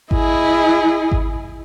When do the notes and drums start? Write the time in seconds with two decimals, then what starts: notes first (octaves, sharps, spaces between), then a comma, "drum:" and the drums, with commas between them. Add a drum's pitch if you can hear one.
0.11 E4 G#4 D#5, drum: kick G#1
1.12 drum: kick G#1